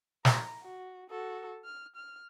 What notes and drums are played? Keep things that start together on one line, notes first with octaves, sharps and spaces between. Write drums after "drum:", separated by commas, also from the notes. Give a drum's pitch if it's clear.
A#5, drum: snare
F#4
F#4 A4
F6
F6